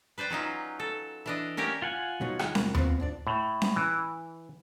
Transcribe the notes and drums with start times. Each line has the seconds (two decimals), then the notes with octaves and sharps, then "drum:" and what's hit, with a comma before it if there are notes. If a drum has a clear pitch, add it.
0.18 B4 C5 D5 G5
0.30 F#3 C#4 D#4 F4
0.79 A4
1.26 E3 D4 D#5
1.57 A#3 C#4 G4 A#4
1.82 F4 F#5 G#5
2.21 B2 F#3 D#4
2.39 D2 G#3 D#4, drum: rim click
2.55 E2 C3 A#4, drum: snare C#4
2.75 B3 C4, drum: tom D#2
3.00 G#2 D4 D5
3.27 A2
3.62 drum: snare C#4
3.76 E3